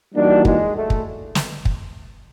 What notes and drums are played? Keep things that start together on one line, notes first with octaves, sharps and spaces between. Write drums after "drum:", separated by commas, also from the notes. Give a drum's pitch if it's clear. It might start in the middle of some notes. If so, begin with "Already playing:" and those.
E3 G3 A#3 D4 D#4 F#4
G#3, drum: kick
A3
drum: kick
drum: snare
drum: kick